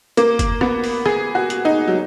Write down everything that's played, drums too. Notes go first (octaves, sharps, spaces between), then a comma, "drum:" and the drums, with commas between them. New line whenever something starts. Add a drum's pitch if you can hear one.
A#3, drum: hi-hat
drum: kick, hi-hat
B3, drum: rim click
drum: open hi-hat
G#4, drum: rim click
F#4
drum: hi-hat
D#4
F#3